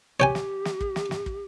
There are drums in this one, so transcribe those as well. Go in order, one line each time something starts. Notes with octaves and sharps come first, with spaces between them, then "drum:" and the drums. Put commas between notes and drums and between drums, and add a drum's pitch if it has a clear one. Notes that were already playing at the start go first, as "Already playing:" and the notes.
G4 C#5 G5 G#5
drum: snare
drum: snare
drum: kick
drum: snare
drum: snare
drum: kick